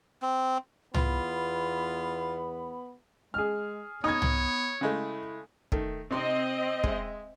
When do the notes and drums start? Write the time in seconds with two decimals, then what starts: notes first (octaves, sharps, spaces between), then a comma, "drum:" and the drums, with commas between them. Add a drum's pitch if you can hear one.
0.22 C4
0.94 E2 B3 F4 B5, drum: tom
3.34 G#3 G#4 F6
4.04 B3 D#4 C#5 D#6 G#6
4.22 drum: tom
4.81 C#3 G#3 A3 E4
5.72 D#3 A3, drum: kick
6.11 C3 C4 D#4 D#5 C6
6.84 G#3 E5, drum: kick